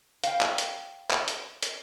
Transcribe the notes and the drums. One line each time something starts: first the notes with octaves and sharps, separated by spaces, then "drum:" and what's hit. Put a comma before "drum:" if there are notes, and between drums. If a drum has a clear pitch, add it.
F5 G5, drum: hi-hat
drum: clap
drum: hi-hat
drum: clap
drum: hi-hat
drum: hi-hat